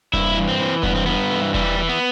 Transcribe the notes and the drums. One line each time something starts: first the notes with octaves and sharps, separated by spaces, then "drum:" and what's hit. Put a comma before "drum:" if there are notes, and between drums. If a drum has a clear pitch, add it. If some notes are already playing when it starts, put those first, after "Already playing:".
G2 E4, drum: kick E1
E3
C4
E3
G2 B3, drum: kick E1
C4
G2 B3
E3
E3 G3, drum: kick E1
E3
B3